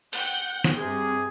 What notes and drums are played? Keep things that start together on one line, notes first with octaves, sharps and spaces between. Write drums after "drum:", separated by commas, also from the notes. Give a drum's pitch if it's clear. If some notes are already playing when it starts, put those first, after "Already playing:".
F#5 G5 G6, drum: open hi-hat
drum: snare
G2 C3 G#4